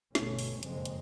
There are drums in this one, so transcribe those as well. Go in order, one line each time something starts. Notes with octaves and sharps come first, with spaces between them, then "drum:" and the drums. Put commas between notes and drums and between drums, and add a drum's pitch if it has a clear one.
G1 B2 A3 C#4, drum: snare
drum: open hi-hat
F#1 F2 G#3 C4, drum: hi-hat
drum: hi-hat